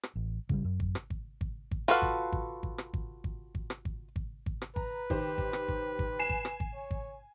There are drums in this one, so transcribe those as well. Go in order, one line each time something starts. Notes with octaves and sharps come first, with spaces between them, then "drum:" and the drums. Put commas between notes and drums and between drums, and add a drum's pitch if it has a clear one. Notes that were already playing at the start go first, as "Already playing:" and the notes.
drum: rim click
A1
C#3 F#3 G3, drum: kick G#1
F#2
drum: kick G#1
drum: rim click
drum: kick G#1
drum: kick G#1
drum: kick G#1
F4 F#4 A4 B4 F5, drum: rim click
drum: kick G#1
drum: kick G#1
drum: kick G#1
drum: rim click
drum: kick G#1
drum: kick G#1
drum: kick G#1
drum: rim click
drum: kick G#1
drum: kick G#1
drum: kick G#1
drum: rim click
B4 A#5, drum: kick G#1
D#3 G4 C5, drum: kick G#1
drum: kick G#1
drum: rim click
drum: kick G#1
drum: kick G#1
G#5 C7 E7
drum: kick G#1
drum: rim click
drum: kick G#1
C#5
drum: kick G#1